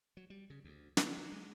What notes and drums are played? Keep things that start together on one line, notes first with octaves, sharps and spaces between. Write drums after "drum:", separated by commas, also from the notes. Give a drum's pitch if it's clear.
F#3
G3
C#3
D2
D3, drum: snare
F#3
G#3